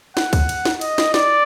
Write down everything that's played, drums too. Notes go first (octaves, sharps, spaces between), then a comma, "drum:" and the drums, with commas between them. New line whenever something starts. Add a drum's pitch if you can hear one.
F#5, drum: snare
drum: kick C#2, cymbal
drum: cymbal
drum: snare
D#5, drum: cymbal
drum: snare
D5, drum: snare